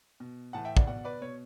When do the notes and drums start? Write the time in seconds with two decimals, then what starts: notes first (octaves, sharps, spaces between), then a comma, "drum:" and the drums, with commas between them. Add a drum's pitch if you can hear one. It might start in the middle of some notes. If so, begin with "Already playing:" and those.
0.20 B2
0.53 A2 E3 F#5 A5
0.65 E5 G5
0.77 D5 F#5, drum: kick
0.87 B2 D5 F#5
1.05 B4 D5
1.21 B2 C#5